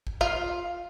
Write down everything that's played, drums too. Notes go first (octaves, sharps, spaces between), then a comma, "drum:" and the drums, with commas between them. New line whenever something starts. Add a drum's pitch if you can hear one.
drum: kick
F4 F5, drum: kick